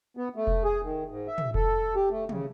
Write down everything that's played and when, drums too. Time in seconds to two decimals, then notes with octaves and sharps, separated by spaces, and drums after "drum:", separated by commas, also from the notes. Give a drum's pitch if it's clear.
0.17 B3
0.36 A3
0.47 drum: kick F1
0.64 G#4
0.83 D#3
1.10 G#2
1.28 E5
1.38 drum: tom
1.54 A4, drum: kick F1
1.95 G4
2.11 A3
2.29 C#3, drum: tom